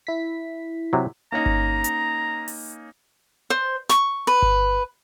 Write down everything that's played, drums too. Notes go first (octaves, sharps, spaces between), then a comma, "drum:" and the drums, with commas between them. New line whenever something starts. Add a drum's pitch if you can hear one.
E4 B6
C3 F#3
A#3 C#4 D#4 A#5
drum: kick G1
drum: hi-hat
drum: open hi-hat
C5
C#6, drum: snare
B4
drum: kick G1